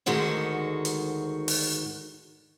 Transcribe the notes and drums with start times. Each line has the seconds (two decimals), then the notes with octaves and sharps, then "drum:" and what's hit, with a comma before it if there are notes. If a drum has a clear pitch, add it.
0.06 D2 G#2 D#3 G#3 F#4 A4
0.85 drum: hi-hat
1.48 drum: open hi-hat